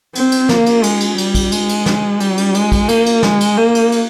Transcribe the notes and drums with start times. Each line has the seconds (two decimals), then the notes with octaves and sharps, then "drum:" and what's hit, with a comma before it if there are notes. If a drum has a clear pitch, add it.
0.15 C4, drum: cymbal
0.32 drum: cymbal
0.49 A#3, drum: snare
0.66 drum: cymbal
0.83 G#3, drum: cymbal
1.00 drum: cymbal
1.18 G3, drum: cymbal
1.35 drum: kick, cymbal
1.52 G#3, drum: cymbal
1.69 drum: cymbal
1.86 drum: snare
2.20 G3, drum: cymbal
2.38 drum: cymbal
2.54 G#3, drum: cymbal
2.72 drum: kick, cymbal
2.88 A#3, drum: cymbal
3.06 drum: cymbal
3.23 G#3, drum: snare
3.40 drum: cymbal
3.58 A#3
3.75 drum: cymbal
3.92 drum: cymbal